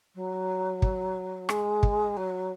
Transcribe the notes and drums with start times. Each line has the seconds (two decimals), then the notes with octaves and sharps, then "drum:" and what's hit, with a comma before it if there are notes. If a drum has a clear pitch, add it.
0.15 F#3
0.82 drum: kick
1.49 G#3, drum: rim click
1.83 drum: kick
2.16 F#3